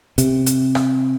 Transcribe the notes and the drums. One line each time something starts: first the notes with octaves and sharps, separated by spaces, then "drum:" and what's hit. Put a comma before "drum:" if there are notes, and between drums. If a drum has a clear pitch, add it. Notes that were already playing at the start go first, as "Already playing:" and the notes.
C3, drum: hi-hat
drum: hi-hat
drum: rim click